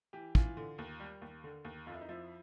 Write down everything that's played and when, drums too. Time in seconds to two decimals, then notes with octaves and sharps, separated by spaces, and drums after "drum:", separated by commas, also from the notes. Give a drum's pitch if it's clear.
0.13 E3 G4
0.35 E3 F4, drum: kick
0.57 D3
0.78 D#2
1.00 G3
1.22 D#2
1.44 D3
1.65 D#2
1.86 F2 F4
1.94 E4
2.01 D#4
2.09 F3 E4